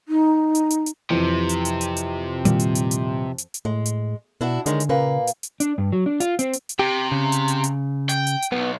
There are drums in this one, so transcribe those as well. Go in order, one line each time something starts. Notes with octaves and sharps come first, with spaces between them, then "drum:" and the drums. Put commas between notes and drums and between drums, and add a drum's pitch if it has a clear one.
D#4
drum: hi-hat
drum: hi-hat
drum: hi-hat
F2 C3 E3
drum: hi-hat
drum: hi-hat
drum: hi-hat
drum: hi-hat
A#2 D#3 G3, drum: hi-hat
drum: hi-hat
drum: hi-hat
drum: hi-hat
drum: hi-hat
drum: hi-hat
A2 G#3
drum: hi-hat
B2 D4 E4 F#4
D3 D#3 G#3 C#4, drum: hi-hat
drum: hi-hat
A#2 C#3 A#3 B4
drum: hi-hat
drum: hi-hat
D4, drum: hi-hat
G2
F#3
D4
F4, drum: hi-hat
C4, drum: hi-hat
drum: hi-hat
drum: hi-hat
C3 G4
C#3
drum: hi-hat
drum: hi-hat
drum: hi-hat
G5, drum: hi-hat
drum: hi-hat
drum: hi-hat
B1 F#2 B3